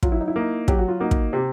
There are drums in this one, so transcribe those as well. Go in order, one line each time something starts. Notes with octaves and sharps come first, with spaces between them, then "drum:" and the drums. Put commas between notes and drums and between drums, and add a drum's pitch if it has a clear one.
F#3 F4, drum: kick
E4
D#4
E4
A#3 D#4
F#3 G4, drum: kick
F#4
F4
A#3 D#4 F#4
drum: kick
C3 G4